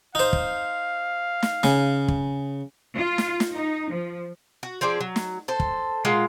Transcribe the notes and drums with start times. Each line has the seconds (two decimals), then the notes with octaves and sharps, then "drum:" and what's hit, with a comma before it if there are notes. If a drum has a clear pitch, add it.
0.15 D#4 C5 F5
0.33 drum: kick
1.43 drum: snare
1.63 C#3, drum: snare
2.08 drum: kick
2.96 F4
3.18 drum: snare
3.40 drum: snare
3.54 D#4
3.93 F3
4.63 F#4
4.81 F3 C4 G#4 D5
5.01 F#3
5.16 drum: snare
5.48 A4 C5
5.60 drum: kick
6.05 A#2 G#3 F4 F#5